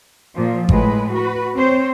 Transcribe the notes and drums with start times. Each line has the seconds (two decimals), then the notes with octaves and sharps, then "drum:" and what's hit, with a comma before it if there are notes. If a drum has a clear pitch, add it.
0.35 A#2 F3
0.69 A2 G#3 B4, drum: kick G#1
1.14 F#4 B4
1.55 C4 C5 C#5